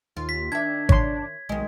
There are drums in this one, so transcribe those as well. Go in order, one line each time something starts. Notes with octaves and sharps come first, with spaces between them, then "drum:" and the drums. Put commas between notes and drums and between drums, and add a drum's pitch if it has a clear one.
D#2 F4
B6
D#3 D4 E5 G#6
C#5 C6, drum: kick G#1
B1 D#3 G#3